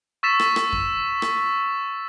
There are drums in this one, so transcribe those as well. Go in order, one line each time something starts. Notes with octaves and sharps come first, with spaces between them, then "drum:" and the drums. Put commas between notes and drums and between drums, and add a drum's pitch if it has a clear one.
C#6 E6 A6 B6 E7
drum: rim click
drum: rim click
drum: kick F2
drum: rim click